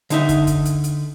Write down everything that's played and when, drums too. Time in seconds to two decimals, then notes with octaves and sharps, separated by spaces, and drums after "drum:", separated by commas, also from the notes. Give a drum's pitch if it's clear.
0.10 D3 D#4 E5, drum: hi-hat
0.29 drum: kick, hi-hat
0.47 drum: kick, hi-hat
0.65 drum: hi-hat
0.84 drum: hi-hat